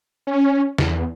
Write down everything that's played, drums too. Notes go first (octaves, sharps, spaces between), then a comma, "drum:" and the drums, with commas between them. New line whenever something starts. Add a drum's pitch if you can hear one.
C#4
E2, drum: snare